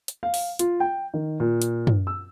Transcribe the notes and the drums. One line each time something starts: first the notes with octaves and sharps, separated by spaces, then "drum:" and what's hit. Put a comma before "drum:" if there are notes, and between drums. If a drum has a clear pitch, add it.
drum: hi-hat
F5
drum: open hi-hat
F4, drum: hi-hat
G5
D#3
A#2
drum: hi-hat
drum: tom
E6